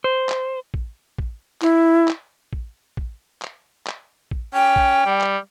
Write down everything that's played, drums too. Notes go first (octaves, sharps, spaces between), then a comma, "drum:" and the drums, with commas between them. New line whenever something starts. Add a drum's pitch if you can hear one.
C5
drum: clap
drum: kick
drum: kick
E4, drum: clap
drum: clap
drum: kick
drum: kick
drum: clap
drum: clap
drum: kick
C#4 G5
drum: kick
G3
drum: clap